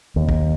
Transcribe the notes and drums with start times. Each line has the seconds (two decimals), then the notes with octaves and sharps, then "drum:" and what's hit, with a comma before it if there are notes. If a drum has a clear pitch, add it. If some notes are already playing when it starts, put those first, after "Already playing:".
0.16 D#2
0.29 drum: kick